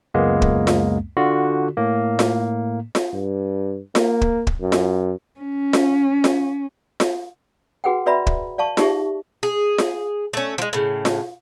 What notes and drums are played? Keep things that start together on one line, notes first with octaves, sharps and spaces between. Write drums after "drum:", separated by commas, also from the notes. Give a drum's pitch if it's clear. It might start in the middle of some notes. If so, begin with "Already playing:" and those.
C#2 F#2 G#3 A#3 B3
drum: kick
drum: snare F4
D3 F4 F#4
A2 A#3
drum: snare F4
drum: snare F4
G2
A#3, drum: snare F4
drum: kick
drum: kick
F#2
drum: snare F4
C#4
drum: snare F4
drum: snare F4
drum: snare F4
F#4 G#4 B4 F#5 G5
F#4 B4 D5 E5 A#5 B5
drum: kick
D5 F5 A5 C#6
D#4 G4 G#4 E5 C#6, drum: snare F4
G#4
drum: snare F4
A3 C#4
F3 G#3
A2 C#3
drum: snare F4